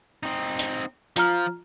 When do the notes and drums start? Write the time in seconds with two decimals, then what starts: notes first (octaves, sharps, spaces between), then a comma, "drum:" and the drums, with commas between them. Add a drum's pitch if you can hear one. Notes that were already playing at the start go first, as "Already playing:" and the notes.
0.23 C4 D#4
0.59 drum: hi-hat
1.16 F3 F4 A#5 F6, drum: hi-hat